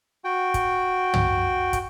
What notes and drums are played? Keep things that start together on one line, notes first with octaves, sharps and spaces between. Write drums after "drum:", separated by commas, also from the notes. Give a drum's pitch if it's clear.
F#4 G5
drum: kick, hi-hat
drum: tom
drum: kick, hi-hat